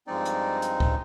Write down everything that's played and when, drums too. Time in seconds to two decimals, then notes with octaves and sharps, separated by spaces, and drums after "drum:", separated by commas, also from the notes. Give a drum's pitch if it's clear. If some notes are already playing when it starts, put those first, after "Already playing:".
0.07 G2 F3 G#3 C4 D#4 D5
0.25 drum: hi-hat
0.62 drum: hi-hat
0.80 drum: kick C#2